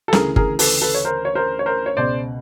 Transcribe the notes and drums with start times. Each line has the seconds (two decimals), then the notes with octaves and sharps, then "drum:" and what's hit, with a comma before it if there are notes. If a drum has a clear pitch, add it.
0.08 A4
0.13 D2 C#3 E3 G#4 A#4, drum: snare
0.36 G#4 A#4, drum: kick G1
0.59 A4 B4, drum: open hi-hat
0.82 A4 B4
0.95 C#5
1.05 A#4 C5
1.25 C#5
1.35 A#4 C5
1.59 C#5
1.66 A#4 C5
1.86 C#5
1.97 C#2 B2 C5 D5